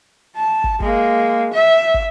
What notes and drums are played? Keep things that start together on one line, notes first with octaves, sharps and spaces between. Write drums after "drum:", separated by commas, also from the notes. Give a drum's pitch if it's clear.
A5
drum: kick
G#3 A#3, drum: kick
E5
drum: kick